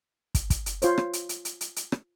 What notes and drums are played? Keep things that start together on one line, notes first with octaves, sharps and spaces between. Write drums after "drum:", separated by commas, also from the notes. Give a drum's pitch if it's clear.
drum: kick, hi-hat
drum: kick, hi-hat
drum: hi-hat
F4 C5 C#5, drum: hi-hat
drum: rim click
drum: hi-hat
drum: hi-hat
drum: hi-hat
drum: hi-hat
drum: hi-hat
drum: rim click